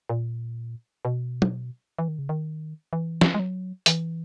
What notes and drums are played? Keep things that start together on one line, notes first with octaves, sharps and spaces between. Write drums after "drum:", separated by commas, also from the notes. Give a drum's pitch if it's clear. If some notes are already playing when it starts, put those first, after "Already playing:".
A#2
B2
drum: tom
E3
D#3
C#3
D#3
E3
drum: snare
G#3
F#3
E3, drum: hi-hat